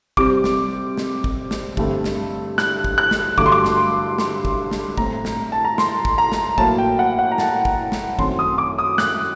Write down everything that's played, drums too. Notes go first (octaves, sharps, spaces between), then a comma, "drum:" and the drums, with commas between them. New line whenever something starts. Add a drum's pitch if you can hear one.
C3 G3 C4 D6, drum: kick
drum: snare
drum: snare
drum: kick
drum: snare
G2 D3 A3 C4, drum: kick
drum: snare
F#6, drum: snare
drum: kick
F#6
drum: snare
G2 D3 F#3 A3 D6, drum: kick
C6
D6
drum: snare
C6, drum: snare
drum: kick
drum: snare
A2 A3 C4 A#5, drum: kick
drum: snare
A5
A#5
C6, drum: snare
drum: kick
A#5
drum: snare
A2 F#3 A#3 A5, drum: kick
G5
F#5
F#5
A#5
A5, drum: snare
drum: kick
drum: snare
F#2 D#3 A3 C4 C6, drum: kick
D#6
D#6
D6
D#6
F#6, drum: snare